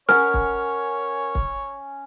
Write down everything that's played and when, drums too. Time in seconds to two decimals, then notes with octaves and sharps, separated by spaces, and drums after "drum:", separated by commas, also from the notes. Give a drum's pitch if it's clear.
0.09 C#4 A#4 C#5 F#5 G#5 F6, drum: snare
0.34 drum: kick
1.35 drum: kick